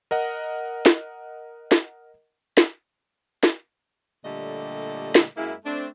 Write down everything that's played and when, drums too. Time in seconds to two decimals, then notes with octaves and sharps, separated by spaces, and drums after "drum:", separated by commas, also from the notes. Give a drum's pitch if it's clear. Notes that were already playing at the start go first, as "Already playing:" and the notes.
0.11 A#4 D#5 F#5
0.86 drum: snare
1.72 drum: snare
2.57 drum: snare
3.43 drum: snare
4.25 A#2 D3 G3 A3 G4 D#5
5.15 drum: snare
5.37 F#2 G#3 A#3 E4
5.65 A3 C4 D4